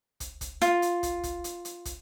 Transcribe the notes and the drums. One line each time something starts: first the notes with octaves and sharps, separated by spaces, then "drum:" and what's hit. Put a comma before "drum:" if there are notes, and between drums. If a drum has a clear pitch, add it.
drum: kick, hi-hat
drum: kick, hi-hat
F4, drum: hi-hat
drum: hi-hat
drum: kick, hi-hat
drum: kick, hi-hat
drum: hi-hat
drum: hi-hat
drum: kick, hi-hat